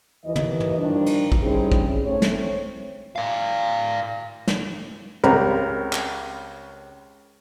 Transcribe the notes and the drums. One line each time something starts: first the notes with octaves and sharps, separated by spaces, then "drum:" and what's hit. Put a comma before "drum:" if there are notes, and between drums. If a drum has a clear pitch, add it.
D#2 E3 D#5
drum: tom
drum: tom
G2 D#3 F3 D4
drum: cymbal
drum: kick
G3 C4 C#4 D#4 E4 G#4
drum: kick
A3 C4 C#5
drum: snare
D5 F5
drum: snare
C#2 G3 C4 A#4 B5, drum: tom
drum: clap